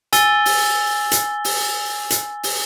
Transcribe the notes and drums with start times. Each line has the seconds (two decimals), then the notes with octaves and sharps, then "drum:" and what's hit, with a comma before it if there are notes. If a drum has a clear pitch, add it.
0.13 G#5 E6 A6 G7, drum: hi-hat
0.46 drum: open hi-hat
1.11 drum: hi-hat
1.44 drum: open hi-hat
2.10 drum: hi-hat
2.43 drum: open hi-hat